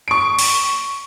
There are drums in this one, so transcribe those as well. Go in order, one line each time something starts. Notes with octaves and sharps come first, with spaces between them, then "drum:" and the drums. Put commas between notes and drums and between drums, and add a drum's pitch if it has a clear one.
C#6 D7
drum: open hi-hat